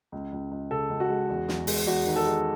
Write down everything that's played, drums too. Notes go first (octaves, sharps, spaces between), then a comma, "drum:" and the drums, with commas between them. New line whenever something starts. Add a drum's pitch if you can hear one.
C#2
C#2
C#2
C#3 A4
C#2
F#4
G#3
E2
E2, drum: snare
G#3, drum: open hi-hat
E2 F#4
D#3
A4
G#3